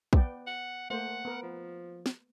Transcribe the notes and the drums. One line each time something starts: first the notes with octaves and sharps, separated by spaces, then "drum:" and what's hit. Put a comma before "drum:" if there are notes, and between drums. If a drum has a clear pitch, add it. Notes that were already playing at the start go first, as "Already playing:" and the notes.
B3 D5 G5, drum: kick
F#5
A3 A#3 C5 F#5
B3 A#4
F3
drum: snare